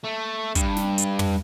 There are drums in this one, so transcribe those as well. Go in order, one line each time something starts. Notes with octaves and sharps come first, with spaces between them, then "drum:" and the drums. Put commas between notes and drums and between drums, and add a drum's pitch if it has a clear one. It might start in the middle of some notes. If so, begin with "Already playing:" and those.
A3
G2, drum: kick, hi-hat
drum: snare
drum: hi-hat
drum: tom